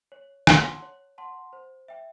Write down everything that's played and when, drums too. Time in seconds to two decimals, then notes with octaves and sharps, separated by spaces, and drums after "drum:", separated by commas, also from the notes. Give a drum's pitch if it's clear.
0.12 C#5
0.47 F#5 A5 C6, drum: rim click
0.82 C#5
1.18 F#5 A5 C6
1.53 C5
1.88 E5 G5